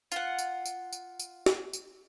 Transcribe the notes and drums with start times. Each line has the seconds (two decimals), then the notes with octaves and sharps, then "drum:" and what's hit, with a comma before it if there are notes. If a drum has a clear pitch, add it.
0.12 F4 F#5, drum: tambourine
0.39 drum: tambourine
0.66 drum: tambourine
0.92 drum: tambourine
1.19 drum: tambourine
1.46 drum: snare
1.73 drum: tambourine